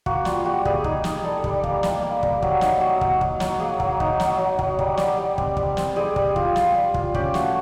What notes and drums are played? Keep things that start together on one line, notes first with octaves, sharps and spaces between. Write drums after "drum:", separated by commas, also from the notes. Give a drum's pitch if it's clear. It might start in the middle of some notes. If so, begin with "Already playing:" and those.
A#3 F#4, drum: kick
G3 F4, drum: snare
G3 F#4
G3 G#4, drum: kick
D#4, drum: kick
D#4, drum: snare
G3 A4
G3, drum: kick
A#3, drum: kick
G3, drum: snare
A#3
G3, drum: kick
F#3, drum: kick
D#4, drum: snare
F#3
F#3, drum: kick
F#3, drum: kick
F#3, drum: snare
A#3 G#4
F#3, drum: kick
D#4, drum: kick
F#3, drum: snare
F#3
F#3, drum: kick
G3, drum: kick
G3, drum: snare
G3
C4, drum: kick
G3, drum: kick
C4, drum: snare
G3 G#4
G3, drum: kick
F4, drum: kick
F4, drum: snare
G3
F4, drum: kick
C#4 G4, drum: kick
A3 F#4, drum: snare